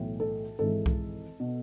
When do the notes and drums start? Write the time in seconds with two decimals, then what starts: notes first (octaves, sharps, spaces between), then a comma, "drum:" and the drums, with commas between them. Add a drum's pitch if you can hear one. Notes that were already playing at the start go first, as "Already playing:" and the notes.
Already playing: B1 A2 E3
0.20 A4
0.59 G#1 G#2 E3 A4
0.86 drum: kick C2
1.40 B2